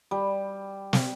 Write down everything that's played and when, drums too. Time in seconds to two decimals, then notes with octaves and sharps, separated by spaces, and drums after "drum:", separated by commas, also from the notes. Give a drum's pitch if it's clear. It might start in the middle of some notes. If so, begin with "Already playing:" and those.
0.11 G3
0.93 drum: snare